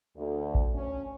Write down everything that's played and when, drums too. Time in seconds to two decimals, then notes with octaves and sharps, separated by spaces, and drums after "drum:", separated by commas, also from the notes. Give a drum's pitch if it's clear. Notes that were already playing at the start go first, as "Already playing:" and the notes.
0.17 D2
0.55 drum: kick A#1
0.75 C#4